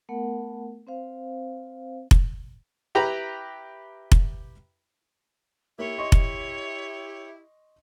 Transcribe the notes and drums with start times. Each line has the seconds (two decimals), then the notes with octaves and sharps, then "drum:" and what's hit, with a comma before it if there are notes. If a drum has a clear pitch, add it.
0.09 A3 B3 A#4 F#5
0.87 C4 C5 F5
2.11 drum: kick F1
2.95 E4 G4 B4 G5 A#5 B5
4.12 drum: kick F1
5.79 A#3 E4 G4 C#5
5.98 D#5 C6 C#6
6.12 drum: kick F1